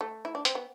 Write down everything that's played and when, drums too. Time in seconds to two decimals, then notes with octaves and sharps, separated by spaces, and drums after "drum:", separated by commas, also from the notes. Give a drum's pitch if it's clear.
0.01 A3
0.25 E4
0.35 D4
0.45 C4, drum: hi-hat
0.55 B3